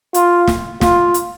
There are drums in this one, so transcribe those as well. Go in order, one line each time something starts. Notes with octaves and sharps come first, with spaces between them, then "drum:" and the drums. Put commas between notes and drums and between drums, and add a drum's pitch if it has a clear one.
F4, drum: hi-hat
drum: snare
F4, drum: snare
drum: hi-hat